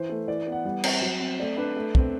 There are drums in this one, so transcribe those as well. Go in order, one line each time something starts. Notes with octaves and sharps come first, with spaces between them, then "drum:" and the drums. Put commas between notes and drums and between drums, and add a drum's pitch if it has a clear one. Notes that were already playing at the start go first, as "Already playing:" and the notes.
Already playing: E3 C5
A3
E3 D5
B3
F#5
G3 F#5
C4, drum: cymbal
F#3
C4
A3 D5
D4 B4
A3
C4, drum: kick